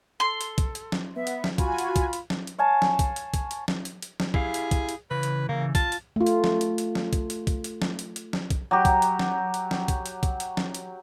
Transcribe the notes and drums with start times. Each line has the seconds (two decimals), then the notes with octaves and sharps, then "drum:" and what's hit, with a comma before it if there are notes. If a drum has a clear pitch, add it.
0.20 A4 C6
0.41 drum: hi-hat
0.58 drum: kick B1, hi-hat
0.75 drum: hi-hat
0.92 drum: snare
1.16 B3 E5
1.27 drum: hi-hat
1.44 drum: snare
1.58 F4 F#4 G#5 B5, drum: kick B1, hi-hat
1.78 drum: hi-hat
1.96 drum: kick B1, hi-hat
2.13 drum: hi-hat
2.30 drum: snare
2.47 drum: hi-hat
2.58 C#5 F5 G#5 A5
2.82 drum: snare
2.99 drum: kick B1, hi-hat
3.16 drum: hi-hat
3.34 drum: kick B1, hi-hat
3.51 drum: hi-hat
3.68 drum: snare
3.85 drum: hi-hat
4.02 drum: hi-hat
4.20 drum: snare
4.34 E4 G4 G#4 F5, drum: kick B1
4.54 drum: hi-hat
4.71 drum: kick B1, hi-hat
4.89 drum: hi-hat
5.11 C#3 E3 B4
5.23 drum: hi-hat
5.49 C#3 E3 A#3
5.75 F4 A5, drum: kick B1, hi-hat
5.92 drum: hi-hat
6.16 A3 F4
6.26 drum: hi-hat
6.44 drum: snare
6.61 drum: hi-hat
6.78 drum: hi-hat
6.95 drum: snare
7.13 drum: kick B1, hi-hat
7.30 drum: hi-hat
7.47 drum: kick B1, hi-hat
7.64 drum: hi-hat
7.82 drum: snare
7.99 drum: hi-hat
8.16 drum: hi-hat
8.33 drum: snare
8.50 drum: kick B1, hi-hat
8.71 F#3 G4
8.85 drum: kick B1, hi-hat
9.02 drum: hi-hat
9.19 drum: snare
9.54 drum: hi-hat
9.71 drum: snare
9.88 drum: kick B1, hi-hat
10.06 drum: hi-hat
10.23 drum: kick B1, hi-hat
10.40 drum: hi-hat
10.57 drum: snare
10.74 drum: hi-hat